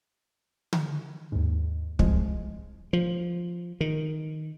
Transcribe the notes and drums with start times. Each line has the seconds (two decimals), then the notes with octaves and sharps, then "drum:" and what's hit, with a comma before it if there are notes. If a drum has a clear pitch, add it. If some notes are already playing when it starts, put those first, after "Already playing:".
0.73 drum: tom D3
1.32 D#2 G#2
1.99 C2 F3 G#3, drum: kick
2.93 F3
3.81 D#3